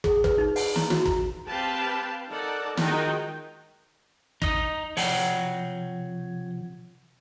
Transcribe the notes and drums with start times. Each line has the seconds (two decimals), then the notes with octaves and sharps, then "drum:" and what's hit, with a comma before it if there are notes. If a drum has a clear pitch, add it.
0.04 G#4, drum: kick
0.24 B4, drum: kick
0.38 D#4
0.56 F#5, drum: open hi-hat
0.76 A#5, drum: snare
0.90 F#4, drum: snare
1.06 A#5, drum: kick
1.47 C4 G4 B4 F5 G5 A5
2.30 D#4 A4 A#4 D5 F#5 A5
2.77 D#3 G#3 D#4 F4 F#4 G5, drum: snare
4.42 D#4 D#5, drum: kick
4.97 C3 F3 C#5 F#5 G5, drum: open hi-hat